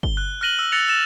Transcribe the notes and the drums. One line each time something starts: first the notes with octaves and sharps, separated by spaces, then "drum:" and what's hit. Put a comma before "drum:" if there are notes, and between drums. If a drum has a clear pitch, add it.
G7, drum: kick
F#6
F6 F#6 A#6 D#7 F#7 G7
E6
E6 F#6 A6 A#6 C#7 F7
E6 A6 E7